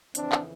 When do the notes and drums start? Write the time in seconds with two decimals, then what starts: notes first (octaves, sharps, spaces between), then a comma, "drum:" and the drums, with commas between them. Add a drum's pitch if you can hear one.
0.15 F2 C#3 E3 C4 D4, drum: hi-hat
0.32 drum: clap